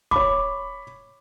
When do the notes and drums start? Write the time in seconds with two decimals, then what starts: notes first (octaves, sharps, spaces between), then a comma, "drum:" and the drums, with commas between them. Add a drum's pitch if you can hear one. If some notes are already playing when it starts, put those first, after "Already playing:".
0.11 C#5 B5 D6, drum: kick